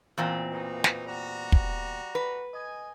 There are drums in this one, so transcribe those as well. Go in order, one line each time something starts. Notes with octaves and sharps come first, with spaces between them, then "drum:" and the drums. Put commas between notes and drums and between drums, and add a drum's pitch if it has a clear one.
E2 A#2 C4
B2 A#3 D#4
drum: snare
G3 F#4 A#5
drum: kick
B4
D#5 G#5